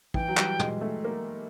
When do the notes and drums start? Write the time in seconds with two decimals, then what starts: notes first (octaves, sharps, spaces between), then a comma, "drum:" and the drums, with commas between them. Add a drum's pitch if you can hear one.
0.14 E3 G5, drum: kick
0.28 F#3
0.37 G3, drum: clap
0.59 G#3, drum: tom
0.81 A3
1.04 A#3